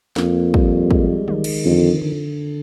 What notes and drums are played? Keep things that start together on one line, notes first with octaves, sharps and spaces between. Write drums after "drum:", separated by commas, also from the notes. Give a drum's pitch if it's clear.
F2 A#3, drum: snare
G3, drum: kick
G#3, drum: kick
D#3, drum: tom
drum: cymbal
F2 D3
D3